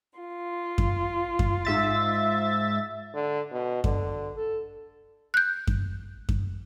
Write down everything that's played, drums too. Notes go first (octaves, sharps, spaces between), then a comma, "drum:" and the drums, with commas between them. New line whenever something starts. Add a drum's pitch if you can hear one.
F4
drum: kick F#2
drum: kick F#2
G#2 E5 A6
D3
B2
D3, drum: kick F#2
A4
F#6 G6
drum: kick F#2
drum: kick F#2